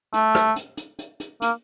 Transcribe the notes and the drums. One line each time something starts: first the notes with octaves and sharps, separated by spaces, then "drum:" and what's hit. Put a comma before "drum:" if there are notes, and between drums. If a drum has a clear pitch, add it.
A3, drum: hi-hat
drum: rim click
drum: hi-hat
drum: hi-hat
drum: hi-hat
drum: hi-hat
A#3, drum: hi-hat